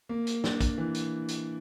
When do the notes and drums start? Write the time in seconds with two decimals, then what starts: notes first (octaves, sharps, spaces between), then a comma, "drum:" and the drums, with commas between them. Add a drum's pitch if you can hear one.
0.09 A#3
0.27 drum: hi-hat
0.44 D4, drum: snare
0.61 drum: kick, hi-hat
0.78 E3
0.94 drum: hi-hat
1.28 drum: hi-hat